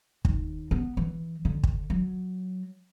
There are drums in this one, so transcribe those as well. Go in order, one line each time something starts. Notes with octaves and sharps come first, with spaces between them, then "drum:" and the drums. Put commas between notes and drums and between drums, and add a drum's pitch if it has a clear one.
D#2, drum: kick
B3
E3
D3
drum: kick
F#3